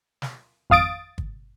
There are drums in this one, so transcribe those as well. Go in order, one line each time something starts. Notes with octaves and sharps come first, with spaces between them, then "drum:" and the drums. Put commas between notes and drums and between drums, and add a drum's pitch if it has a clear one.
drum: snare
G#1 F2 F5 D#6 A6 D7
drum: kick